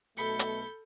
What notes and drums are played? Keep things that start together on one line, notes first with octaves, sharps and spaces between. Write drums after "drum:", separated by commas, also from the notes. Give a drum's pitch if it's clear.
B1 B2 A3 A4 B5 G6 B6 C#7
drum: hi-hat